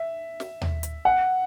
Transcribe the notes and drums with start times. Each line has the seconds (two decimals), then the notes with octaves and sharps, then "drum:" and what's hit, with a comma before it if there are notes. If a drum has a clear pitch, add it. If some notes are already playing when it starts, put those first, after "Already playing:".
Already playing: E5
0.40 drum: snare
0.61 drum: tom D#2
0.83 drum: hi-hat
1.05 F#5